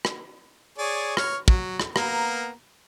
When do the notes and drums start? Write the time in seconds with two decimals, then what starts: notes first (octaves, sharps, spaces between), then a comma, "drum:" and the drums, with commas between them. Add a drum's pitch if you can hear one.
0.05 drum: rim click
0.78 G#4 C#5 D5
1.17 C#5 F6, drum: rim click
1.48 F#3, drum: kick
1.80 drum: rim click
1.96 A#3 B3 A#5, drum: rim click